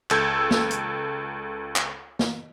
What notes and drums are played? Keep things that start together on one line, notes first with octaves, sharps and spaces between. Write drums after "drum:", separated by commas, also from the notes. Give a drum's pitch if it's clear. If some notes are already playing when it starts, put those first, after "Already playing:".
C#2 A4 E6 G6 G#6, drum: clap
drum: snare
drum: hi-hat
drum: clap
drum: snare